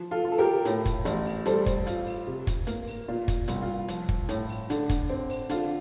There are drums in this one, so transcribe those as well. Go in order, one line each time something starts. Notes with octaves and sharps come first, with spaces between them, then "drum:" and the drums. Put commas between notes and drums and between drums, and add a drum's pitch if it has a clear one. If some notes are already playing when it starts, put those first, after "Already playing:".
Already playing: F3
F4 A4
F4
A4
G4 A#4
A2, drum: hi-hat
drum: kick, hi-hat
A1, drum: hi-hat
drum: open hi-hat
G3 A4 C5, drum: hi-hat
drum: kick, hi-hat
F4, drum: hi-hat
drum: open hi-hat
C3
drum: kick, hi-hat
A#3, drum: hi-hat
drum: open hi-hat
A#2 F4
drum: kick, hi-hat
C2, drum: hi-hat
F4
F3, drum: hi-hat
drum: kick
A2, drum: hi-hat
drum: open hi-hat
D3, drum: hi-hat
drum: kick, hi-hat
C4
drum: open hi-hat
D3 F4, drum: hi-hat